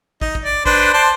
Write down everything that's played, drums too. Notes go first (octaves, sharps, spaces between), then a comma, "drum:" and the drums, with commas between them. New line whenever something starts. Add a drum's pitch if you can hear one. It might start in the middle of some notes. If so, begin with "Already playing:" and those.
D#4, drum: kick
drum: kick
D5
D4 B4 C5, drum: kick
C5 D5 A5